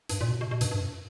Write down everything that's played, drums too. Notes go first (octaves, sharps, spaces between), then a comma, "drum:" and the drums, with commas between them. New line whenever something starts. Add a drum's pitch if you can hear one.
G2, drum: hi-hat
A#2
B2
B2
B2
G2, drum: hi-hat
G2
F#2